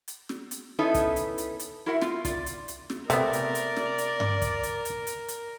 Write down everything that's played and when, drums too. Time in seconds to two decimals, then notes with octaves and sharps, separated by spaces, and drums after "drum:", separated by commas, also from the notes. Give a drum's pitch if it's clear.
0.08 drum: hi-hat
0.29 drum: snare
0.51 drum: hi-hat
0.79 B3 C#4 D#4 E4 A4 B4
0.94 drum: kick, hi-hat
1.16 drum: hi-hat
1.38 drum: hi-hat
1.59 drum: hi-hat
1.86 E4 F#4 A#4 E5 F#5
2.01 F4, drum: snare
2.25 F4 D5, drum: kick, hi-hat
2.46 drum: hi-hat
2.68 drum: hi-hat
2.90 drum: snare
3.10 C3 A3 B3 A#4 D5, drum: hi-hat
3.33 drum: hi-hat
3.55 drum: hi-hat
3.77 drum: snare
3.98 drum: hi-hat
4.20 drum: tom G2
4.42 drum: kick, hi-hat
4.63 drum: hi-hat
4.85 drum: hi-hat
5.07 drum: hi-hat
5.28 drum: hi-hat